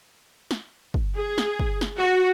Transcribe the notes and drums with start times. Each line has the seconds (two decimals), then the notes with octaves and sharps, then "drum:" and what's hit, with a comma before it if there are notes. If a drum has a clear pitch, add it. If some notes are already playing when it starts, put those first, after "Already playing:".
0.51 drum: snare
0.94 drum: kick
1.16 G#4
1.38 drum: snare
1.60 drum: kick
1.81 drum: snare
1.99 F#4